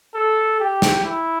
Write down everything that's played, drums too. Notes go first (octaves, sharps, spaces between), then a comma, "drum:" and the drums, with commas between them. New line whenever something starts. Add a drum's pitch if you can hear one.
A4
G4
drum: snare
E4